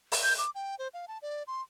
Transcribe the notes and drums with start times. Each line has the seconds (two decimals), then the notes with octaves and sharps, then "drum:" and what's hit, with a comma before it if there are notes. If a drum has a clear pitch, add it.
0.12 drum: open hi-hat
0.23 G6
0.38 D6
0.55 G5
0.79 C5
0.94 F5
1.08 A5
1.22 D5
1.47 C6